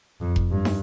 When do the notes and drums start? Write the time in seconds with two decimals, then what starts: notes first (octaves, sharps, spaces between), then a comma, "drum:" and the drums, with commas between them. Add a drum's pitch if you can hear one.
0.21 F2
0.36 drum: kick F1
0.51 G2
0.65 drum: snare